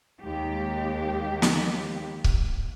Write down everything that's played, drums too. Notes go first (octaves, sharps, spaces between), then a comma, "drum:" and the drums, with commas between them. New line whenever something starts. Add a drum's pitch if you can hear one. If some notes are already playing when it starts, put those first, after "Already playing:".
D#2 G#3 G4
drum: snare
drum: kick C#1